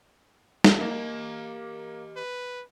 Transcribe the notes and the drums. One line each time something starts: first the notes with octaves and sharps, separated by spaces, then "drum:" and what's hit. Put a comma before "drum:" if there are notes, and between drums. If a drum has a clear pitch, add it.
drum: snare
A#3 G4 D#5
B4